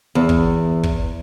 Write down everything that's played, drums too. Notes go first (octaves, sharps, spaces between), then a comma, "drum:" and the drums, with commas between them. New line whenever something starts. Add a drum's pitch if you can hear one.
E2
drum: kick
drum: kick